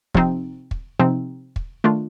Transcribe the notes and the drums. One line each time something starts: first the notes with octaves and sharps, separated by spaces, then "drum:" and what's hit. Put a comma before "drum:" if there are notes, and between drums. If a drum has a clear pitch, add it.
C3 F3 C4 D#4, drum: kick
drum: kick
C3 F3 C4 D#4
drum: kick
D#3 A3 D4 F4